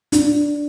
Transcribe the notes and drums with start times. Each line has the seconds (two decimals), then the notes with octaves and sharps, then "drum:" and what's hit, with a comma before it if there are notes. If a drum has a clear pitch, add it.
0.12 D4, drum: hi-hat